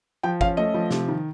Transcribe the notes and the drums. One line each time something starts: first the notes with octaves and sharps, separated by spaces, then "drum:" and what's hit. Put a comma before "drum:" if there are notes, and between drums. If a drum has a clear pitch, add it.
F3 G5
C#4 F5, drum: kick
A3 D#5
F3
C3, drum: snare
D#3